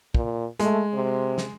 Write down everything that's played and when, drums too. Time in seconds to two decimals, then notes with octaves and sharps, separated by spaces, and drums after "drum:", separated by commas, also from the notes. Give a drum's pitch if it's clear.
0.15 A#2, drum: kick
0.60 G#3 A3, drum: hi-hat
0.94 C3
1.38 drum: snare